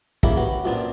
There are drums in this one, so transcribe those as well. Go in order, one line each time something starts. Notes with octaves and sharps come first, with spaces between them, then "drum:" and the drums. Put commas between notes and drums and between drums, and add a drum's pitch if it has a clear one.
E2 C#3 A#3 E4, drum: kick
F#4 G4 B4
F#2 A#2 B3 C4 D4